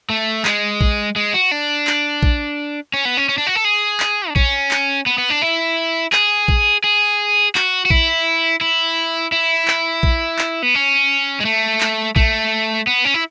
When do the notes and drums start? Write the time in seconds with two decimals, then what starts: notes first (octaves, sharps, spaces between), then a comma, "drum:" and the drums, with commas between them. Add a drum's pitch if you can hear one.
0.10 A3
0.45 G#3, drum: clap
0.81 drum: kick A#1
1.16 G#3
1.34 F#4
1.51 D4
1.87 drum: clap
2.23 drum: kick A#1
2.94 C#4
3.05 B3
3.17 C#4
3.29 C#4
3.38 D4
3.47 F#4
3.56 A4
3.65 G#4
4.00 drum: clap
4.29 D4
4.36 C#4, drum: kick A#1
4.71 drum: clap
5.06 B3
5.18 B3
5.30 D4
5.42 E4
6.13 G#4, drum: clap
6.48 drum: kick A#1
6.84 G#4
7.55 F#4, drum: clap
7.85 F#4
7.90 E4, drum: kick A#1
8.61 E4
9.32 E4
9.68 drum: clap
10.03 drum: kick A#1
10.39 drum: clap
10.62 B3
10.75 C#4
11.40 G#3
11.45 A3
11.81 drum: clap
12.16 A3, drum: kick A#1
12.87 B3
13.05 C#4
13.14 E4